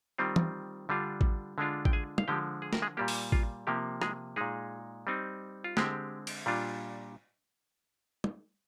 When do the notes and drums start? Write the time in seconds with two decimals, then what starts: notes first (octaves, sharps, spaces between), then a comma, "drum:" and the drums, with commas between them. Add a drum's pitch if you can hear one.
0.18 D#3 G3 C4 F4
0.36 drum: tom
0.89 D3 G3 D4 F4
1.21 drum: kick A1
1.58 D3 G#3 D4 F4
1.85 G5, drum: kick A1
1.93 G#4 G#5
2.18 F5, drum: tom
2.28 D3 F3 G#3 G4 G5
2.62 G#4
2.73 A#4, drum: snare
2.82 G#3 G#4
2.97 A#2 G3 A#3 G4
3.08 drum: open hi-hat
3.32 F4, drum: kick A1
3.67 C3 F3 A#3 G4
4.02 G#3 G#4, drum: rim click
4.36 A#2 G#3 D#4 G#4
5.07 G3 C4 D#4
5.64 F4
5.77 D3 G#3 C4 G4, drum: snare
6.27 drum: cymbal
6.46 A#2 G3 D4 F4
8.24 drum: tom